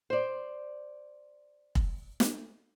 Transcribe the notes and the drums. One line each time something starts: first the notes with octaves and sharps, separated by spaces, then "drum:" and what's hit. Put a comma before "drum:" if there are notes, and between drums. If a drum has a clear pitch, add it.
C5 D5
drum: kick
drum: snare